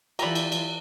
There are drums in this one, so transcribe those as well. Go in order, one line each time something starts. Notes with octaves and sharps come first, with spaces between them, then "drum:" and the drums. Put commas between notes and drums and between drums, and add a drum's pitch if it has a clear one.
E3 F4 G4 A4 D5 A#5 B5, drum: cymbal
drum: cymbal
drum: cymbal